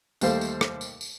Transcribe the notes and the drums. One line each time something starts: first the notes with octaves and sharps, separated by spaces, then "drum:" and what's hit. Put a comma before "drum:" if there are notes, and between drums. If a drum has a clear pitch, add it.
D#2 G3 A3 C5 F5, drum: tambourine
drum: tambourine
drum: rim click
drum: tambourine
drum: tambourine